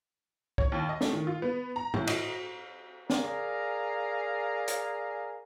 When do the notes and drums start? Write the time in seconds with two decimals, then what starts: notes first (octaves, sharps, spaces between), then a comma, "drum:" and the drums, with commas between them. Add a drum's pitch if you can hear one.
0.58 C#5, drum: kick
0.72 D#2
0.89 D#5
1.01 A3, drum: snare
1.13 D#3
1.27 F4
1.42 B3
1.76 A#5
1.94 A2, drum: tom G#2
2.07 D#5, drum: cymbal
3.10 G#4 A#4 D5 F5 A#5, drum: snare
4.68 drum: hi-hat